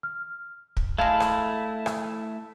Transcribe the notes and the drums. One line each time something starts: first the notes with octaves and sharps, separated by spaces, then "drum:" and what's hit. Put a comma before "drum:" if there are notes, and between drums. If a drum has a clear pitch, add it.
F6
drum: kick
G#3 A3 E4 F5 A5 G#6
drum: rim click
drum: rim click